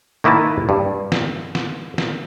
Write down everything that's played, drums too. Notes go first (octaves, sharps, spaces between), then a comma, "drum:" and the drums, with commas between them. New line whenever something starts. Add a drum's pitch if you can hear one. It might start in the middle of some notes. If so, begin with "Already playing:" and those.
D#3 A#3 E4 B4 A5
G2
drum: snare
drum: snare
drum: snare